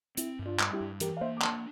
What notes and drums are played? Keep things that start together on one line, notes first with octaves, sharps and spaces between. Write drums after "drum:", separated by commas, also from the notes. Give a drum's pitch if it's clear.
C4 E4, drum: hi-hat
G2
D4 F4
G3, drum: clap
E4 G4
G2
E3 G4 A#4, drum: hi-hat
F5
A#3 C5 E5
D6
D4 A5 C6, drum: clap